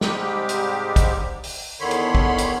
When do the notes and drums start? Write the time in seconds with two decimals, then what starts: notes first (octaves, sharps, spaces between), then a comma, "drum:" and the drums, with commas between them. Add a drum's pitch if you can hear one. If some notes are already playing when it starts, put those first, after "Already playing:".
0.01 G#2 C3 G3 G#3 G4, drum: snare
0.49 drum: hi-hat
0.96 drum: kick, hi-hat
1.44 drum: open hi-hat
1.80 E2 D3 D#3 C#5 B5 C6
1.91 drum: hi-hat
2.15 drum: kick
2.38 drum: hi-hat